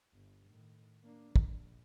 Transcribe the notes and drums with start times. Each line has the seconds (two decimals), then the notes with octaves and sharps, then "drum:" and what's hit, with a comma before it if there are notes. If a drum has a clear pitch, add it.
0.14 G1
0.47 A2 D#3
1.04 A#3 D4
1.36 A#1, drum: kick